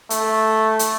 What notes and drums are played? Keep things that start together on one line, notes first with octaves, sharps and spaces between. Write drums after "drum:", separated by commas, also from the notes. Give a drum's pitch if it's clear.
A3, drum: hi-hat
drum: hi-hat